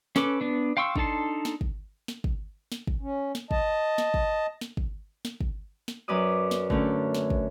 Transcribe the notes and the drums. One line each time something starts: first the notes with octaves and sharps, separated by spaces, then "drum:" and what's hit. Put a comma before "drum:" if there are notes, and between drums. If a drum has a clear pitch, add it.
C#4 A4 B4 D6, drum: snare
B3 D4
F5 G5 C6 C#6 E6
D4 D#4 A4 A5 C6, drum: kick
drum: snare
drum: kick
drum: snare
drum: kick
drum: snare
drum: kick
C#4
drum: snare
D#5 A5, drum: kick
drum: snare
drum: kick
drum: snare
drum: kick
drum: snare
drum: kick
drum: snare
F#2 B4 D5 D#6
drum: snare
D3 A3 C#4, drum: kick
drum: snare
drum: kick